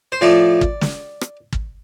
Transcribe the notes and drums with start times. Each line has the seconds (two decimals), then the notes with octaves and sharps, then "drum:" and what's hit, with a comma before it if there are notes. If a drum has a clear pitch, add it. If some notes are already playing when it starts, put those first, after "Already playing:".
0.12 C5
0.21 A2 F3 A3 D5
0.61 drum: kick
0.81 drum: snare
1.21 drum: rim click
1.53 drum: kick